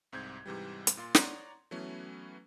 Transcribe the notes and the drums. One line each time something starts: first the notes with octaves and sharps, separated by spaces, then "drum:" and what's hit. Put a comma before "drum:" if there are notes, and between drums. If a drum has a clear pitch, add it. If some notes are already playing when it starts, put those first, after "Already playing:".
C2 G#2 C4 G6 G#6
G#2 C3 E3 G3
drum: hi-hat
A#2 F4 C6
C#5 D5 F#5 A#5 C6, drum: snare
E3 F#3 A3 B3 C#4 E4